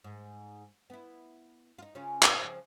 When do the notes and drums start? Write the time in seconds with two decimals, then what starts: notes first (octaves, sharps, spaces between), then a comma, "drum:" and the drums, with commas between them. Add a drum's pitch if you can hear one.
0.04 G#2
0.90 B3 E4
1.79 D#4 F4
1.95 C#3 C#4 F4
2.23 B2 C4, drum: clap
2.39 C#3 F3